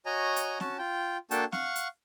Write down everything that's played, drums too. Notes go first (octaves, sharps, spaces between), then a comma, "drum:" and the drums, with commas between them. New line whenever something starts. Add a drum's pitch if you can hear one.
F#4 C#5 D#5 G#5 A#5
drum: hi-hat
C#4 F#4 A5, drum: snare C4
F4 G5
A#3 D4 F#4 A4 G5 A5, drum: hi-hat
F5 F#5 C#6, drum: snare C4
drum: hi-hat